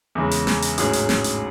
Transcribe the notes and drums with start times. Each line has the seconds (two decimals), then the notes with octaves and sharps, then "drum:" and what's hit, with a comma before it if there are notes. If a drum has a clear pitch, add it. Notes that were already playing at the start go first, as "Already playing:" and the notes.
0.15 E2 C#3 G#3
0.31 drum: hi-hat
0.47 drum: snare
0.62 drum: hi-hat
0.78 A1 G#2 F#3 C#4 G#4, drum: hi-hat
0.93 drum: hi-hat
1.09 drum: snare
1.24 drum: hi-hat